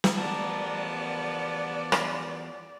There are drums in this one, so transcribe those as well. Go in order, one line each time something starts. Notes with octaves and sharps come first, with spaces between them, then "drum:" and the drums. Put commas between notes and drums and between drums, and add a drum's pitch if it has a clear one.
drum: snare
E2 F3 G3 B3 A#4 D5 A5
drum: rim click